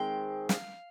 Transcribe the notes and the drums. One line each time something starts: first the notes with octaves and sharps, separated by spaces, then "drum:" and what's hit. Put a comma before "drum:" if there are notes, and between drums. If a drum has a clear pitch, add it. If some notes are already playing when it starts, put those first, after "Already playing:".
Already playing: D#3 G#3 C4 G5
F5, drum: snare